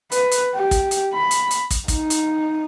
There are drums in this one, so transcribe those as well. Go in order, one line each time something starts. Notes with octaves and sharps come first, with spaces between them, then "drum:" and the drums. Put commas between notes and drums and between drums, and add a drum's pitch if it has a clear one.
B4, drum: hi-hat
drum: hi-hat
G4
drum: kick, hi-hat
drum: hi-hat
B5
drum: hi-hat
drum: hi-hat
drum: kick, hi-hat
D#4, drum: kick, hi-hat
drum: hi-hat